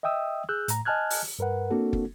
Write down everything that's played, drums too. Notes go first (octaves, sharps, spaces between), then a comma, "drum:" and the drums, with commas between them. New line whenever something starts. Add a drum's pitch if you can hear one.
D#5 E5 G5 D#6 E6
G#4 E6 F#6 G6
A2 A#5, drum: hi-hat
D#5 G#5 A5 F6 F#6 G#6
drum: open hi-hat
G2 A#4 B4 F#5
A#3 C4 D4 F#4 A4
drum: kick